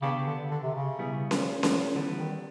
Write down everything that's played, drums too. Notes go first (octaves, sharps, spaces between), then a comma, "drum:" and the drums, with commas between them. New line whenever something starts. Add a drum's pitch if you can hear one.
C#3 B3 D4 G4
D3
D3
C3
C#3
B2 G3 B3 E4 G#4
drum: snare C#4
drum: snare C#4
D3 E3 G3 B3
D#3